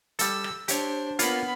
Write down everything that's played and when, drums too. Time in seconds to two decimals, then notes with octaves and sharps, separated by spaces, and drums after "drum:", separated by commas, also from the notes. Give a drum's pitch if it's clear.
0.19 G3 A4 E6, drum: hi-hat
0.44 drum: rim click
0.68 D4 G4 C5 C#5, drum: hi-hat
1.19 A#3 B3 F4 C#5 B5, drum: hi-hat